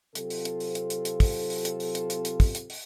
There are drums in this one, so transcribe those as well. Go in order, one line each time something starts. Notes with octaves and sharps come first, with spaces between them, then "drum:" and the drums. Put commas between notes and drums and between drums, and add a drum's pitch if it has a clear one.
C3 F#3 C4 F4 A4, drum: hi-hat
drum: open hi-hat
drum: hi-hat
drum: open hi-hat
drum: hi-hat
drum: hi-hat
drum: hi-hat
drum: kick, open hi-hat
drum: open hi-hat
drum: hi-hat
drum: open hi-hat
drum: hi-hat
drum: hi-hat
drum: hi-hat
drum: kick, open hi-hat
drum: hi-hat
drum: open hi-hat